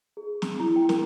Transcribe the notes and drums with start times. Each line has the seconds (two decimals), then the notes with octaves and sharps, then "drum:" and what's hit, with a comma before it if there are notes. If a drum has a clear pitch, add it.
0.17 G#4
0.42 drum: snare
0.60 E4
0.76 G5
0.89 A#4, drum: snare